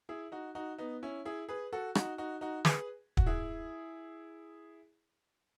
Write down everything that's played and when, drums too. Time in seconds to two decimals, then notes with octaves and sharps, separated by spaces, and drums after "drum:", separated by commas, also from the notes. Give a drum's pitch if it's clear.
0.09 E4 G#4
0.32 D#4 F#4
0.55 D#4 F#4
0.78 B3 D#4
1.03 C#4 E4
1.25 E4 G#4
1.49 G#4 B4
1.73 F#4 A4
1.95 D#4 F#4, drum: rim click
2.18 D#4 F#4
2.41 D#4 F#4
2.65 G#4 B4, drum: snare
3.17 F#4, drum: kick
3.26 E4 G#4